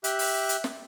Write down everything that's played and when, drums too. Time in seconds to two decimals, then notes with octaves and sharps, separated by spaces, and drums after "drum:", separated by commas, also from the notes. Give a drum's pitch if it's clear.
0.04 G4 E5 F#6, drum: hi-hat
0.19 drum: open hi-hat
0.49 drum: hi-hat
0.64 drum: snare